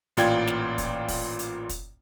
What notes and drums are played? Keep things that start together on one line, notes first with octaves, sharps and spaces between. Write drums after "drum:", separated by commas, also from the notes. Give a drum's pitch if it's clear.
A1 A#2 F4 D5 G5 G#6, drum: hi-hat
drum: snare
drum: kick, hi-hat
drum: kick, open hi-hat
drum: hi-hat
drum: kick, hi-hat